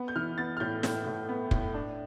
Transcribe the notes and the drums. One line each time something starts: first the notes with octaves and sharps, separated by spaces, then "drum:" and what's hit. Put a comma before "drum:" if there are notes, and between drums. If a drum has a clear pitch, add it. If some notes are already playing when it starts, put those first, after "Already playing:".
Already playing: B3
G6
E3 F6
B3 A6
F6
A2 G6
A2, drum: snare
A2
B3
A2, drum: kick
D4